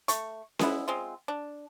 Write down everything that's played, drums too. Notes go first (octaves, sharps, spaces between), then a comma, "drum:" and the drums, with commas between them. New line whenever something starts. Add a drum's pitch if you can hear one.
A3 C#6, drum: hi-hat
G#3 B3 E4, drum: snare C#4
G#3 C4 F4
D4